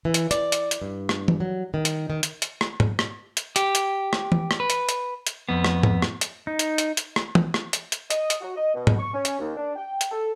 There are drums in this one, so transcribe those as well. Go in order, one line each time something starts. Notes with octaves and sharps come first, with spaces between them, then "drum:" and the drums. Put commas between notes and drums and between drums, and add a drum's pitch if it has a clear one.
E3
drum: hi-hat
D5, drum: hi-hat
drum: hi-hat
drum: hi-hat
G2
drum: rim click
drum: tom E3
F#3
D#3
drum: hi-hat
D#3
drum: hi-hat
drum: hi-hat
drum: rim click
drum: tom
drum: rim click
drum: hi-hat
G4, drum: hi-hat
drum: hi-hat
drum: rim click
drum: tom E3
drum: rim click
B4
drum: hi-hat
drum: hi-hat
drum: hi-hat
F2 B3
drum: rim click
drum: tom
drum: rim click
drum: hi-hat
D#4
drum: hi-hat
drum: hi-hat
drum: hi-hat
drum: rim click
drum: tom
drum: rim click
drum: hi-hat
drum: hi-hat
D#5, drum: hi-hat
drum: hi-hat
F#4
D#5
B2
drum: tom
C#6
C#4
drum: hi-hat
D#2
D4
G5
drum: hi-hat
A4